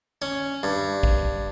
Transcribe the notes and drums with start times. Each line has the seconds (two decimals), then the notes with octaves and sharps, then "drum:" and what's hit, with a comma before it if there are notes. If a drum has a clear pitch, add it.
0.22 C#4
0.63 G2
1.03 drum: kick A1